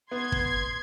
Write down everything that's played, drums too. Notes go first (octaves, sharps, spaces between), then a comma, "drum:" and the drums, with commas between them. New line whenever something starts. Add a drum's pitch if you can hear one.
B3 C6 G#6
drum: kick